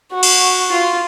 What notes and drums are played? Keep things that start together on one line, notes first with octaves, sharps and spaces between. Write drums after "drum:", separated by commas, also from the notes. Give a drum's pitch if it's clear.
F#4
drum: cymbal
F4